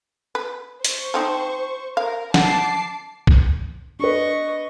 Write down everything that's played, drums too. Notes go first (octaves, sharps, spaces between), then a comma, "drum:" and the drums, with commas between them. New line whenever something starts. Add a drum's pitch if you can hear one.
B4
C5 C#6, drum: hi-hat
F3 C4 D#4
A#4 F5
F#5 A5 D6 C7, drum: snare
drum: kick B1
D4 B4 D#5 C#6